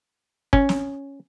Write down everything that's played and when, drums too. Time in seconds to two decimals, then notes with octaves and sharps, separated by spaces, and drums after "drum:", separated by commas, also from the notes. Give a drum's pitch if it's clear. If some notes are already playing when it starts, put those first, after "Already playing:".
0.53 C#4, drum: kick
0.69 drum: snare